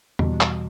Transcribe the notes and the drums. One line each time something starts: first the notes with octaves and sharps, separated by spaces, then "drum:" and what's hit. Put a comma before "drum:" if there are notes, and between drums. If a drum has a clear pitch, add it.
E2 B2 G3, drum: tom E2
drum: clap